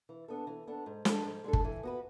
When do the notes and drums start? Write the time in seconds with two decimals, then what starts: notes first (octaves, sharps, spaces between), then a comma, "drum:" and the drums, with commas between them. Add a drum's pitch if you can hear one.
0.09 E3
0.28 B3 D4 A4
0.47 E3
0.67 B3 D4 A4
0.86 G#2
1.05 G#3 D4 A4, drum: snare
1.25 G#2
1.44 G#3 D4 A4
1.53 drum: kick G1
1.64 E3
1.83 B3 F#4 B4